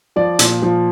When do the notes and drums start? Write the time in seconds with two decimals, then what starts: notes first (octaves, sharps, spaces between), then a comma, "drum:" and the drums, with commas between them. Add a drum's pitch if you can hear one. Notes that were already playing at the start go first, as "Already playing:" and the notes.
0.16 F3 D5
0.39 A#2, drum: hi-hat
0.62 F3